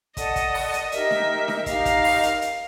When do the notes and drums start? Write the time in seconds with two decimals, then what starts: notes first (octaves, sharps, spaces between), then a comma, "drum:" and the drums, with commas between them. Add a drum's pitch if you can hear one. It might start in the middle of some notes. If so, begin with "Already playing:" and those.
0.17 A4 D5 D#5 F#5 A5, drum: kick, hi-hat
0.36 drum: kick, hi-hat
0.54 drum: open hi-hat
0.73 drum: hi-hat
0.92 D#4 G4 A#4 D#5 E5, drum: hi-hat
1.11 drum: snare D4
1.48 drum: snare D4
1.66 D#4 G4 A#4 D#5 F5, drum: kick, hi-hat
1.85 drum: kick, hi-hat
2.04 drum: open hi-hat
2.23 drum: hi-hat
2.42 drum: hi-hat